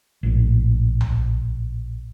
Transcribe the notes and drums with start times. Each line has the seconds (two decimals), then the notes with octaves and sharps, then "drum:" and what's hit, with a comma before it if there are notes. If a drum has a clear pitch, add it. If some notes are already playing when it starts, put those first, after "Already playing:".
0.23 A#1 A2
1.01 drum: tom C2